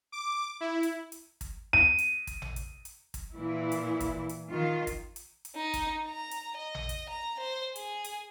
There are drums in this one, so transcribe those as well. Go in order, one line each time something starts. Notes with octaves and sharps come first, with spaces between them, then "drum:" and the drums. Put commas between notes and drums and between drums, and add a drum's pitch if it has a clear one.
D6
E4
drum: hi-hat
drum: hi-hat
drum: kick, hi-hat
D#7
drum: hi-hat
drum: kick, hi-hat
drum: tom A1
drum: hi-hat
drum: hi-hat
drum: kick, hi-hat
A#2 E3 E4
drum: hi-hat
drum: kick, hi-hat
drum: hi-hat
D#3 F4
drum: kick, hi-hat
drum: hi-hat
drum: hi-hat
D#4
drum: kick, hi-hat
A#5
drum: hi-hat
D#5
drum: tom A1
drum: hi-hat
A#5
C5
G#4, drum: hi-hat
drum: hi-hat